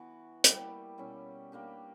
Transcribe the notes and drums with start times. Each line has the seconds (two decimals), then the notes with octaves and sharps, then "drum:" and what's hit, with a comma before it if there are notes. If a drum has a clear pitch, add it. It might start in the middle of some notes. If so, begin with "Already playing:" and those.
Already playing: E3 B3 F#4
0.44 G3 A#3 E4 G4, drum: hi-hat
0.98 B2 G3 C#4 E4
1.52 G3 A#3 D4 G4